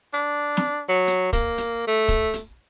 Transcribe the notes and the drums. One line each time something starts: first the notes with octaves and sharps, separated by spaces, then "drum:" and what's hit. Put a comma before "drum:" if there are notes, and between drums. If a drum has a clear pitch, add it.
D4
drum: snare
F#3
drum: hi-hat
A#3, drum: kick, hi-hat
drum: hi-hat
A3
drum: kick, hi-hat
drum: hi-hat